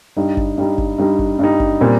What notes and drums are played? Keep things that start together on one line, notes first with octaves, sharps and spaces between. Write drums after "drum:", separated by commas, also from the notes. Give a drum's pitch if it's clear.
G2 G3 D#4
drum: kick G1
G2 G3 D#4
drum: kick G1
G2 G3 D#4
drum: kick G1
G2 G3 D#4
drum: kick G1
A#2 G3 C4